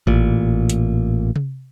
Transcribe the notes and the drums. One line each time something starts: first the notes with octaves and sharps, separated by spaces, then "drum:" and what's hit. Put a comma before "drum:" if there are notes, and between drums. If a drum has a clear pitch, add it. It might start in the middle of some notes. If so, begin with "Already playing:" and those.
A1 A#2, drum: kick A1
drum: hi-hat
drum: tom C3